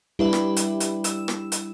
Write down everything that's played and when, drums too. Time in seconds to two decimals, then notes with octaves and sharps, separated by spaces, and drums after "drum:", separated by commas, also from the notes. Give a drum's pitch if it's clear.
0.19 G3 D4 E4 G4 B4 E5
0.33 drum: rim click
0.57 drum: hi-hat
0.80 drum: hi-hat
1.04 E6 E7, drum: hi-hat
1.28 drum: rim click
1.52 drum: hi-hat